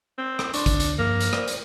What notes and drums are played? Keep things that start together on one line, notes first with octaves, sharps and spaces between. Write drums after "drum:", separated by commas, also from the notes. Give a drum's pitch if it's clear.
C4
drum: rim click
D4 C6 C#6, drum: hi-hat
C#2 D3, drum: kick A1, hi-hat
drum: hi-hat
G2 F3 A#3
drum: hi-hat
C5 D5, drum: rim click
drum: hi-hat